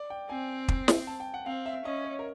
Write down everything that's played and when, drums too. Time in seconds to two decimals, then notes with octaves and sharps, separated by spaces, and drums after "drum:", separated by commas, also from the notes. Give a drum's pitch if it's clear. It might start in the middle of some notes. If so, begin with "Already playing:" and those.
Already playing: D5
0.10 G5
0.30 C4 G#5
0.68 drum: kick
0.88 drum: snare
1.07 A5
1.20 G5
1.34 F#5
1.46 C4 F5
1.66 E5
1.85 C#4 D#5
2.05 C#5
2.19 A#4